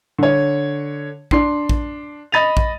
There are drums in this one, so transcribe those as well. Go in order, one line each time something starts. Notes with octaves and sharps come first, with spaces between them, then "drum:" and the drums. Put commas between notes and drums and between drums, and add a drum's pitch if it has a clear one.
D3 C#5
D4 C6 C7, drum: kick
drum: kick
D#5 B5 A6 D#7 F7
drum: kick